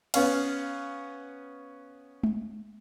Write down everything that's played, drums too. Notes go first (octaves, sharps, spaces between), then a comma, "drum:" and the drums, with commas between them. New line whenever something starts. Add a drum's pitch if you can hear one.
B3 C#4 F5, drum: cymbal
drum: tom G#3